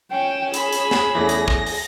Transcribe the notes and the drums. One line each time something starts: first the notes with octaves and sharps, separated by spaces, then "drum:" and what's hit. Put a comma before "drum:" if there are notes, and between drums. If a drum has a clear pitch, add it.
C#4 G5 E7
G#4 B5, drum: hi-hat
drum: hi-hat
drum: snare
E2 A3 C#4 A#6
drum: hi-hat
drum: kick
drum: open hi-hat